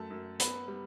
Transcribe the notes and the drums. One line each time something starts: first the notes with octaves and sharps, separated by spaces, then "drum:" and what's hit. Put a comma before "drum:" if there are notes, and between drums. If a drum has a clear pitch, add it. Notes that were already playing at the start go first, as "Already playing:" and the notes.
Already playing: F#2 A3 A5
F#2
B3 B5, drum: hi-hat
G3